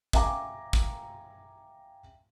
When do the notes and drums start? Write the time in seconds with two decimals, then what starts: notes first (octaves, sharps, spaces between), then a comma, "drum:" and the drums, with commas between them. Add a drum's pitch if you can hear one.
0.13 E5 F5 G5 G#5 A#5 D6, drum: kick
0.73 drum: kick